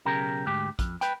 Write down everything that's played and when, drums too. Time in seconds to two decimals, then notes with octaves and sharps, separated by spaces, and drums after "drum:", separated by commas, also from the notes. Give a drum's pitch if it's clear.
0.05 B1 C#3 G4 A#4
0.46 D2 G#2 G4
0.79 F2, drum: kick, hi-hat
1.01 B4 G5, drum: hi-hat